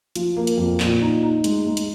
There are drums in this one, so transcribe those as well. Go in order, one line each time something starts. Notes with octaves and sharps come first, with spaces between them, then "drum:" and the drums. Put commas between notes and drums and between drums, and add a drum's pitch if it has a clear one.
F3, drum: hi-hat
A#3
drum: hi-hat
F2
A#2, drum: clap
D#4
D#4
G#3, drum: hi-hat
G#3
drum: hi-hat